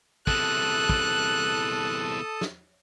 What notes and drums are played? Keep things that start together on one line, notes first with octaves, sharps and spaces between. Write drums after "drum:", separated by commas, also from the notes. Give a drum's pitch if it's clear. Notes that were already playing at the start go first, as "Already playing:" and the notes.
E2 C3 A4 A5 D#6 F#6, drum: kick
drum: kick
drum: snare